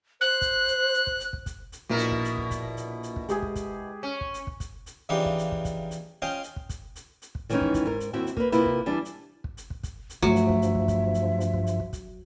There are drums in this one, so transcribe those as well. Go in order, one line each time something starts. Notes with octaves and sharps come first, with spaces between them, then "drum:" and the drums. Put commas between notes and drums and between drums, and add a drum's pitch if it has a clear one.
C5 F#6
drum: kick, hi-hat
drum: hi-hat
drum: hi-hat
drum: kick
drum: hi-hat
drum: kick
drum: kick, hi-hat
drum: hi-hat
A#1 B2 E4 A#4
drum: hi-hat
drum: kick
drum: hi-hat
drum: kick
drum: kick, hi-hat
drum: hi-hat
drum: hi-hat
drum: kick
G#3 G4 G#4, drum: hi-hat
drum: kick
drum: kick, hi-hat
C#4
drum: kick
drum: hi-hat
drum: kick
drum: kick, hi-hat
drum: hi-hat
C#3 E3 F3 D4 D#4 G4
drum: kick
drum: hi-hat
drum: kick
drum: kick, hi-hat
drum: hi-hat
C#4 F4 C5 D#5 G5
drum: hi-hat
drum: kick
drum: kick, hi-hat
drum: hi-hat
drum: hi-hat
drum: kick
D#3 E3 G#3 A3 C#4 D#4, drum: hi-hat
drum: kick
drum: kick, hi-hat
G#2 A#4
drum: hi-hat
D#2 C4 E4 F#4 E5
drum: hi-hat
A#3 B4, drum: kick
C3 A#3 E4 F4 B4, drum: hi-hat
drum: kick
E3 G3 D4
drum: hi-hat
drum: kick
drum: hi-hat
drum: kick
drum: kick, hi-hat
drum: hi-hat
G2 F3 F#3 A3 E5
drum: hi-hat
drum: kick
drum: hi-hat
drum: kick
drum: kick, hi-hat
drum: hi-hat
drum: hi-hat
drum: kick
drum: hi-hat
drum: kick
drum: kick, hi-hat